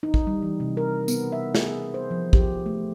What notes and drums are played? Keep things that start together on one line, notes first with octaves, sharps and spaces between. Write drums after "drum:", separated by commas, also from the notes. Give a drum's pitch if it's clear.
D#4
drum: kick
G3
E3
C3
A#4
B3, drum: tambourine
E5
G#4, drum: snare
C5
F3
G4, drum: kick
A3